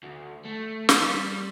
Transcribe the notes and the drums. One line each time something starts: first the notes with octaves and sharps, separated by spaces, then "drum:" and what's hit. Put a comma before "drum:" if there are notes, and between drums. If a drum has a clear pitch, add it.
D2
A3
drum: snare
G3